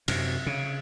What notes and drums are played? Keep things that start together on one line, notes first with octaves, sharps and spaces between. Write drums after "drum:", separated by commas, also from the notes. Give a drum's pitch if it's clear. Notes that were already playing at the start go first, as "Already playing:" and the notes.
F#2 C3, drum: cymbal
C#3